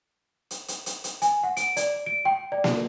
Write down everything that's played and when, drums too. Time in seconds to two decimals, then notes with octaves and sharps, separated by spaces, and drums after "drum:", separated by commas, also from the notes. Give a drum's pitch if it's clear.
0.51 drum: hi-hat
0.68 drum: hi-hat
0.86 drum: hi-hat
1.04 drum: hi-hat
1.22 G#5, drum: hi-hat
1.43 F#5
1.57 D7, drum: hi-hat
1.77 D5, drum: hi-hat
2.06 D7
2.25 G5
2.52 D5
2.64 drum: snare A#3